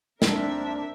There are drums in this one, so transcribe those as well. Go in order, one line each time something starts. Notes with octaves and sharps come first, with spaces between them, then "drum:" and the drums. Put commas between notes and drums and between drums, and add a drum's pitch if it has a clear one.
C4 D4 A#4 E5, drum: snare